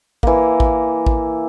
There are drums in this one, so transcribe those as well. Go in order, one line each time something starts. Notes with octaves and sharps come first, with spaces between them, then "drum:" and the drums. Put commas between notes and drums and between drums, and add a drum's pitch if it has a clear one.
E3 A#3, drum: kick A1
drum: kick A1
drum: kick A1